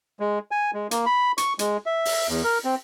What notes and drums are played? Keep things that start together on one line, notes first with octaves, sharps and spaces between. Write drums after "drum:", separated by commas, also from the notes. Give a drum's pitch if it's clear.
G#3
G#5
G#3
A#3, drum: hi-hat
B5
C#6, drum: hi-hat
G#3, drum: hi-hat
E5
drum: open hi-hat
E2
A#4
C4